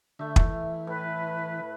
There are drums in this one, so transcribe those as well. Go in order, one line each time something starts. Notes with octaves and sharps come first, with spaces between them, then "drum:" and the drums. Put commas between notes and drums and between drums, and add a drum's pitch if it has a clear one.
D3 A3 E5
E3, drum: kick
A2 B4